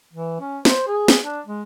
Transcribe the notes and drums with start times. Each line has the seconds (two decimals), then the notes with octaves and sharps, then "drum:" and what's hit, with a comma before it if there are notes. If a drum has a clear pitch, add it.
0.13 E3
0.40 C#4
0.65 C5, drum: snare
0.87 G#4
1.08 drum: snare
1.23 D4
1.46 G#3